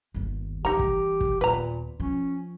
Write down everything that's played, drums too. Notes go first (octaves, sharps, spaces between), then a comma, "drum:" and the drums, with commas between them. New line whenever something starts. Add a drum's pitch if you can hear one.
G1 D#2
G2 E3 D#4 G4 A#5
drum: kick
drum: kick
D#2 A#2 B3 B4 A#5
F3 C#4